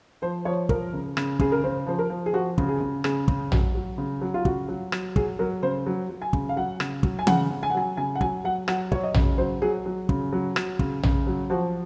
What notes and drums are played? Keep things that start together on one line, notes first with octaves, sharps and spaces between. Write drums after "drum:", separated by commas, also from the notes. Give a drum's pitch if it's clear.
F3 C5
F3 C#5
F3 A#4, drum: kick
C#3
C#3, drum: rim click
C#3 G#4, drum: kick
A#4
C#3 C5
F3 C5
A#4
F3
G#4
F3 F#4
C#3, drum: kick
G#4
C#3
C#3 G#4, drum: rim click
C#3, drum: kick
F#3, drum: tom A#1
F#3
C#3
F#3
F4
C#3 F#4, drum: kick
F#3
F#3, drum: rim click
F#3 G#4, drum: kick
F#3 A#4
C#3 C5
F#3
F#3
G#5
C#3, drum: kick
F5
F#3 F#5
C#3, drum: rim click
F#3, drum: kick
G#5
C#3 F#5, drum: tom E3
C#3
G#5
F#5
F#3 G#5
C#3 G#5
F#5
F#3 G#5, drum: kick
F#3 F#5
F#3 F#5, drum: rim click
F#3 C#5, drum: kick
D#5
C#3, drum: tom A#1
F#3 C5
F#3 G#4
F#3
C#3, drum: kick
F#3
F#3, drum: rim click
C#3, drum: kick
C#3, drum: tom A#1
F#3
F3 F#4